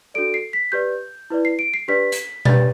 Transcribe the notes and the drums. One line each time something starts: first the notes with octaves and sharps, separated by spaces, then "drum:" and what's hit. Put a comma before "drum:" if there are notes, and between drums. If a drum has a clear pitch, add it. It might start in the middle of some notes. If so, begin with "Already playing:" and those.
D4 F#4 A4 D5 D7
C7
B6
G4 B4 D5 G6
E4 B4 D5
C7
D7
C7
D4 G4 B4 D5 B6
drum: hi-hat
D4 G4 B4 D5 A6, drum: tom B2